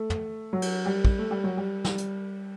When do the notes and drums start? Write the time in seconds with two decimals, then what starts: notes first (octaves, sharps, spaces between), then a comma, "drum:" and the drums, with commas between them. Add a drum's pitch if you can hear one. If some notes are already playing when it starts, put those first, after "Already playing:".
Already playing: A3
0.10 drum: tom
0.53 F#3
0.62 drum: cymbal
0.85 G3
1.05 drum: kick
1.19 A3
1.31 G3
1.44 F#3
1.57 G3
1.84 G3, drum: snare
1.98 drum: hi-hat